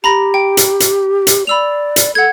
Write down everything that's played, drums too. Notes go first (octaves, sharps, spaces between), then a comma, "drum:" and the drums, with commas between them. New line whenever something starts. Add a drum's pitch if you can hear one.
G4 A#5 B5 A#6
G5
drum: hi-hat
drum: hi-hat
drum: hi-hat
D5 B5 E6 F7
drum: hi-hat
A4 F#5 G#6